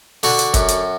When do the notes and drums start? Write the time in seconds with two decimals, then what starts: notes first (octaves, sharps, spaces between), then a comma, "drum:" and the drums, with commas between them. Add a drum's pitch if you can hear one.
0.23 D3 F#4, drum: open hi-hat
0.39 drum: hi-hat
0.54 F#2, drum: kick G1, hi-hat
0.68 drum: hi-hat